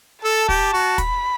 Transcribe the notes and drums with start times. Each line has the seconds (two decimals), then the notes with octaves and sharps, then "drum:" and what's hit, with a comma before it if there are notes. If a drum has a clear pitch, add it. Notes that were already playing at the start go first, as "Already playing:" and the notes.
0.24 A4 A5
0.49 G4, drum: kick
0.73 F#4
0.98 B5, drum: kick, hi-hat